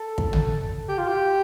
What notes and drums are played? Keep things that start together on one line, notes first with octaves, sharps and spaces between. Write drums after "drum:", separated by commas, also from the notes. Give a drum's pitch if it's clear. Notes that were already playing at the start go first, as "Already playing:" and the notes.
Already playing: A4
drum: kick
drum: tom
G4
F4
G4